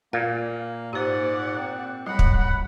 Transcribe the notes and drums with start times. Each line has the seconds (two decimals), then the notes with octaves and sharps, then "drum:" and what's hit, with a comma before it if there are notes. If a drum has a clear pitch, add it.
0.13 A#2 A#3 F5
0.93 G#2 G4 C5 D5 F#5
1.58 C4
2.07 F#3 G3 F#5 B5
2.19 drum: kick